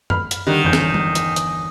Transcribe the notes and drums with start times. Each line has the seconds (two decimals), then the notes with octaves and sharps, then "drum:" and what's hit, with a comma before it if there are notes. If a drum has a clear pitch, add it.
0.10 B5 F6, drum: tom F#2
0.31 drum: hi-hat
0.47 D3 D#3 G3 F#6
0.64 G1 E2 G6
0.73 drum: snare
0.94 drum: tom G3
1.15 drum: hi-hat
1.36 drum: hi-hat